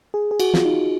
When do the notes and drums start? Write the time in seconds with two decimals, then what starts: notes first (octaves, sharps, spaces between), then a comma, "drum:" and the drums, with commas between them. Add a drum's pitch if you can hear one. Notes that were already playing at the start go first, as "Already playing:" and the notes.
0.14 G#4
0.31 G#4
0.40 F#4, drum: cymbal
0.54 F4, drum: snare
0.65 D#4